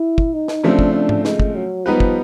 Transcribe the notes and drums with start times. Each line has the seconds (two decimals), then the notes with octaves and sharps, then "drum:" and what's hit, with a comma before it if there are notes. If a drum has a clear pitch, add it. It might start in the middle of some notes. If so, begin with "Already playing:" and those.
Already playing: E4
0.18 drum: kick
0.34 D#4
0.48 drum: snare
0.63 C#3 F3 A3 C4 D4
0.79 drum: kick
0.94 D4
1.09 drum: tom G#2
1.25 G#3, drum: snare
1.40 drum: kick
1.55 F#3
1.85 F3 G3 B3 D#4 G4 B4
2.00 drum: kick